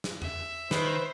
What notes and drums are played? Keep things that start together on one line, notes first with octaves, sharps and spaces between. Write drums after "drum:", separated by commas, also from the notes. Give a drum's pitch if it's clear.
drum: snare
E5, drum: tom E2
D#3 B4 C5, drum: snare